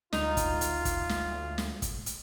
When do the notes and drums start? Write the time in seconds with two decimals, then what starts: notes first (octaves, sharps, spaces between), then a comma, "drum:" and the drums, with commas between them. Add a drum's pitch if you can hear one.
0.13 D2 D#4 F4, drum: snare
0.37 drum: kick, hi-hat
0.61 drum: hi-hat
0.85 drum: kick, hi-hat
1.09 drum: snare
1.58 drum: snare
1.82 drum: kick, hi-hat
2.06 drum: hi-hat